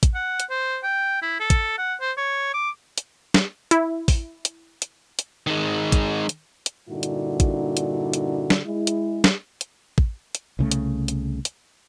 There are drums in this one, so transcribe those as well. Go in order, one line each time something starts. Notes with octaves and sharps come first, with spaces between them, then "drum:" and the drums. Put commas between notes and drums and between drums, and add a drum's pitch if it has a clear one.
drum: kick, hi-hat
F#5
drum: hi-hat
C5
G5
E4
A4
drum: kick, hi-hat
F#5
C5
C#5
D6
drum: hi-hat
drum: snare
E4, drum: hi-hat
drum: kick, open hi-hat
drum: hi-hat
drum: hi-hat
drum: hi-hat
D#3 G#3
drum: kick, hi-hat
drum: hi-hat
drum: hi-hat
G2 A#2 D3 D#4 E4 F#4
drum: hi-hat
drum: kick, hi-hat
drum: hi-hat
drum: hi-hat
drum: snare
G#3 E4
drum: hi-hat
drum: snare
drum: hi-hat
drum: kick
drum: hi-hat
C2 C#3 A3
drum: hi-hat
drum: hi-hat
drum: hi-hat